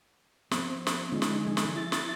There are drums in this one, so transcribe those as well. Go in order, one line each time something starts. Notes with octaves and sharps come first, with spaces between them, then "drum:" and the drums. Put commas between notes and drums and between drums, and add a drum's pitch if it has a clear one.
F3 B3 C4, drum: snare
drum: snare
D3 G#3 C#4 D#4 F4
drum: snare
F3 A4 G#5
drum: snare
E4 A6
drum: snare